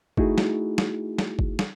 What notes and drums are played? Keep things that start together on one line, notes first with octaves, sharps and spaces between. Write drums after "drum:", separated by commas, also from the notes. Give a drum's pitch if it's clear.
A3 D#4 E4 F#4 G#4, drum: kick G1
drum: snare
drum: snare
drum: snare
drum: kick G1
drum: snare